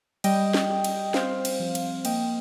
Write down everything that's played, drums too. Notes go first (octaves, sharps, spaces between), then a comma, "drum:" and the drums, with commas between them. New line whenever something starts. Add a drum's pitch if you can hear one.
G3 D#5 G5, drum: cymbal
drum: snare
G3
drum: cymbal
C4 C5 F5, drum: snare
drum: cymbal
F3
drum: cymbal
A#3 D#5 G5, drum: cymbal